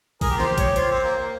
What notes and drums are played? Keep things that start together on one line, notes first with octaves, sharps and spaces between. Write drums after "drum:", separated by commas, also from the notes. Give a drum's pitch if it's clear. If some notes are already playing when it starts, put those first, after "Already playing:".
G#4 A#4, drum: kick A1, open hi-hat
G4
F4
G4 C5, drum: snare
C#5, drum: kick A1, hi-hat
F4 C5, drum: hi-hat
C4
A#3
A#3